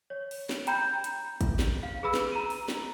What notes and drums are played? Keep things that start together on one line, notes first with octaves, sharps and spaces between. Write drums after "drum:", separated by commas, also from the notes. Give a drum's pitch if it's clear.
C#5
drum: open hi-hat
drum: snare
G5 A#5 B5 G6, drum: hi-hat
drum: hi-hat
drum: kick, hi-hat
drum: snare
F5
G#4 B4 B5 E6
drum: snare
A#5 D#7
drum: open hi-hat
drum: snare